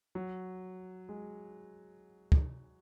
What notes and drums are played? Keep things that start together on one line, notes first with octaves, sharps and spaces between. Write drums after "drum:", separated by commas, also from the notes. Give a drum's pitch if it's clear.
F#3
G#3
drum: kick